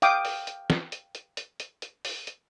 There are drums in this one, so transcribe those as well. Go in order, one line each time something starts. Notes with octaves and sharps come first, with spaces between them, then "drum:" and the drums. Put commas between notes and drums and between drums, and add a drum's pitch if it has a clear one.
F5 G5 D6 D#6, drum: hi-hat
drum: open hi-hat
drum: hi-hat
drum: snare
drum: hi-hat
drum: hi-hat
drum: hi-hat
drum: hi-hat
drum: hi-hat
drum: open hi-hat
drum: hi-hat